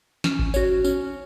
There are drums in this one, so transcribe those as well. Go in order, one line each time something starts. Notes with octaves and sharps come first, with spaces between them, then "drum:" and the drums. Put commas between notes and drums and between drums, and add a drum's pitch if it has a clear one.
C#4, drum: snare
drum: kick G#1
F#4 C#5, drum: tambourine
C#4, drum: tambourine